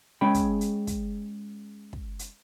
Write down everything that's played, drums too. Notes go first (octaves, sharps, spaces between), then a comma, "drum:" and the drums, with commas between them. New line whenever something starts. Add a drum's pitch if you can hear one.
G#3 C#4 G#4 G5 B5
drum: kick, hi-hat
drum: hi-hat
drum: kick, hi-hat
drum: kick
drum: hi-hat